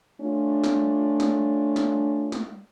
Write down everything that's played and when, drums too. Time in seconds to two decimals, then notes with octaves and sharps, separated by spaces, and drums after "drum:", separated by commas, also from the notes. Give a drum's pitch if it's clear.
0.21 A3 C#4 D4 F4
0.64 drum: snare
1.20 drum: snare
1.76 drum: snare
2.32 drum: snare